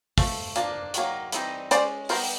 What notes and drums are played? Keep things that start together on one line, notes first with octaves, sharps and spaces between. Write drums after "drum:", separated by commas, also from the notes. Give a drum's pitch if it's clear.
F3 A3, drum: kick, open hi-hat
F3 A#3 D4, drum: hi-hat
D#3 F#3 A#3, drum: hi-hat
E3 G3 C4 D#4, drum: hi-hat
G#3 C#4 C5 D5, drum: hi-hat
D#3 G3 B3 D#4 A#4 C5, drum: open hi-hat